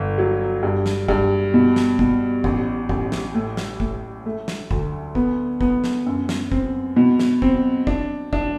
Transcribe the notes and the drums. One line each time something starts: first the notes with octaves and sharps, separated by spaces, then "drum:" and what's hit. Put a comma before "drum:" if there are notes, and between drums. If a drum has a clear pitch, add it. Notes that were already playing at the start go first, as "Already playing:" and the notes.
Already playing: G1
F#3
G2
drum: snare
G2, drum: kick
B2
drum: snare
B2, drum: kick
A1, drum: kick
A1, drum: kick
drum: snare
A2
drum: snare
A2, drum: kick
A3
drum: snare
D2, drum: kick
B3, drum: kick
B3, drum: kick
drum: snare
F#2
drum: snare
C4, drum: kick
B2
drum: snare
C4, drum: kick
D4, drum: kick
D4, drum: kick